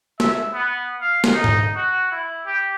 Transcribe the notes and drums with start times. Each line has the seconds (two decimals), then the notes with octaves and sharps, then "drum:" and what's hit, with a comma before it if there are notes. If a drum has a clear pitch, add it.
0.20 E5, drum: snare
0.53 B3
1.01 F5
1.24 drum: snare
1.33 D#4
1.44 drum: tom G#2
1.76 F#4
2.11 E4
2.46 G4